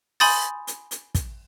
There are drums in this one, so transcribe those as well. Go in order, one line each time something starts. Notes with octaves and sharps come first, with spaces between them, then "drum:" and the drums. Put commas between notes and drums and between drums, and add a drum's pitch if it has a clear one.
G#5 B5 C6 D#6 G6 A6, drum: open hi-hat
drum: hi-hat
drum: hi-hat
drum: kick, hi-hat